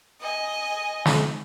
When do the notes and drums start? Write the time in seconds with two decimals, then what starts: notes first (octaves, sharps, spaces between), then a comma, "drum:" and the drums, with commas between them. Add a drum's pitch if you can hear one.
0.21 D#5 G#5
1.06 drum: snare